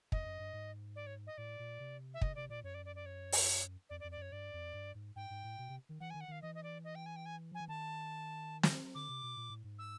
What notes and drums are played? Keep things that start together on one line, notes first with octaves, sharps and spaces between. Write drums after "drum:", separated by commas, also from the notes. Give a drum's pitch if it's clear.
F2 D#5, drum: kick
F#2
G2
G#2
D5
C#5
D#5
A2 D5
A#2
C3
E5
C#3 D#5, drum: kick
C3 D5
A#2 D5
F#2 C#5
D5
D5
D5
C#5
drum: open hi-hat
F2 D5
D5
F2
D5
F#2 C#5
G2 D5
F2
G2
G#2
G#2 G5
G#2
A2
B2
C3
D#3
E3 F#5
G#5
D#3
F#5
D#3 F5
E3 D#5
D#5
D5
D#5
G5
G#5
G5
G#5
F3 G#5
E3
D#3 A5
drum: snare
D3 D6
C3
B2
A#2
A2
G#2
E6